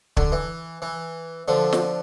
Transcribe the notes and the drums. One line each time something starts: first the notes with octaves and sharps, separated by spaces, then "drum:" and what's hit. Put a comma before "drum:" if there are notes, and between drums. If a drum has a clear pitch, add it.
D3, drum: kick
E3
E3
D3 F3
drum: snare